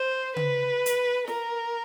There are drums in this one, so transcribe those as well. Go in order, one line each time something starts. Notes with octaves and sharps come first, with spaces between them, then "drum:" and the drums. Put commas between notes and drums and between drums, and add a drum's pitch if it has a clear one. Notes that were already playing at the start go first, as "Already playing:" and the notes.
Already playing: C5
B4, drum: tom C#3
drum: hi-hat
A#4, drum: snare